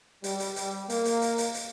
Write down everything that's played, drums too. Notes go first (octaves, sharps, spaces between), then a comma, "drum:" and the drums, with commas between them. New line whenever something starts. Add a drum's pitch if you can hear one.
G3, drum: hi-hat
drum: hi-hat
drum: hi-hat
A#3, drum: hi-hat
drum: hi-hat
drum: hi-hat
drum: hi-hat
drum: hi-hat